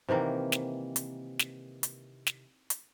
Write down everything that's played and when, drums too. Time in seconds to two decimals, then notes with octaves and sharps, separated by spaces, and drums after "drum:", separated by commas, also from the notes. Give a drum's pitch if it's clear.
0.09 C3 D#3 E3 A#3
0.52 drum: snare
0.96 drum: hi-hat
1.39 drum: snare
1.83 drum: hi-hat
2.27 drum: snare
2.70 drum: hi-hat